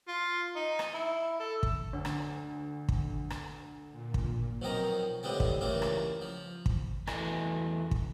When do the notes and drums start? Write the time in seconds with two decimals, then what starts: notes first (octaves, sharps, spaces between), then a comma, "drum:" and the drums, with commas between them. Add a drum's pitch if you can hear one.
0.08 F4
0.56 D#4
0.79 drum: rim click
0.94 E4
1.40 A4
1.63 drum: kick
1.93 D2
2.05 drum: rim click
2.89 drum: kick
3.30 drum: rim click
3.91 A#2
4.14 drum: kick
4.62 B1 B2 D#3 F3 C4 A#5
5.23 A2 D3 G3 G#3 B3 C4
5.40 drum: kick
5.61 C#2 G2 C#3 E3 A3 A#3
5.82 drum: rim click
6.21 F3
6.66 drum: kick
7.07 E2 E3 A3 B4 D#5 G#5, drum: rim click
7.91 drum: kick